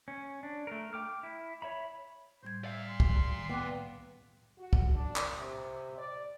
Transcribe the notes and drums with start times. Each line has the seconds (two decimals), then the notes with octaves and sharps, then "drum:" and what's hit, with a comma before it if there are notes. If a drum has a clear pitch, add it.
0.08 C#4
0.43 D4
0.67 A3 A#4
0.93 G5 D6 F6
1.23 E4
1.62 C#5 E5 B5
2.43 A2 G3 C5 G#6
2.64 D5 E5 F5
2.89 C6
3.00 drum: kick
3.35 D#3
3.49 B3 G5 D6 F#6
4.58 F#4
4.73 drum: kick
4.94 D4
5.16 drum: clap
5.38 C3
5.97 D5